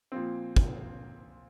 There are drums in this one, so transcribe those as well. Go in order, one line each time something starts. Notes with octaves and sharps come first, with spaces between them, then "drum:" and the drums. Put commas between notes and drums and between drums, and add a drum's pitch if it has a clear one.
A#2 F3 C4
drum: kick